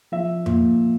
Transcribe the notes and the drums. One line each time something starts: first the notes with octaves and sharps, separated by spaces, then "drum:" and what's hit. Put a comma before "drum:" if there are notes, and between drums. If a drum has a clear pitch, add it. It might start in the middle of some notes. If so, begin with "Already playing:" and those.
F3 E5
A#2, drum: tom E2